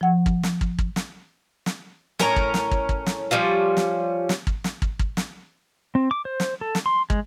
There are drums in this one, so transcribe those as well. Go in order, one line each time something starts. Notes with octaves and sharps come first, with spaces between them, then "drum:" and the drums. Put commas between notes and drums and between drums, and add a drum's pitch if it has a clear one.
F3 F#5
drum: kick
drum: snare
drum: kick
drum: kick
drum: snare
drum: snare
A2 C#4 A#4 A#5, drum: snare
drum: kick
drum: snare
drum: kick
drum: kick
drum: snare
F3 G3 C#4 F4
drum: snare
drum: snare
drum: kick
drum: snare
drum: kick
drum: kick
drum: snare
C4
D6
C5
drum: snare
A4
drum: snare
C6
G#3, drum: kick